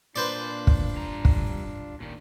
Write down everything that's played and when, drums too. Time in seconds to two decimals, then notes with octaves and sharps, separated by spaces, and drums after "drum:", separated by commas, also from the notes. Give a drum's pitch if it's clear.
0.16 A#2 D4 F4 B4 C5 D5
0.67 drum: kick
0.96 G2 A#5
1.25 drum: kick
2.00 A#2 D#3